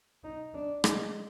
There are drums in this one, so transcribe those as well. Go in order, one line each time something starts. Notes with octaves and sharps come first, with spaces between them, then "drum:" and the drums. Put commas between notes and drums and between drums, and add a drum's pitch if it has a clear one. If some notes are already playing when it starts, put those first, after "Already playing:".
D#4
D4
G#3, drum: rim click